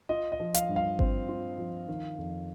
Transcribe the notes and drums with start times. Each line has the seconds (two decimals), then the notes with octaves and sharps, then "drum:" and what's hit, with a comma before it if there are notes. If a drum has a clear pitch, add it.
0.09 F4 D#5
0.32 D#5
0.40 F3
0.54 F5, drum: hi-hat
0.69 G2
0.76 F5
0.99 C4, drum: kick G#1
1.29 F4
1.58 F3
1.88 D#3
2.18 F2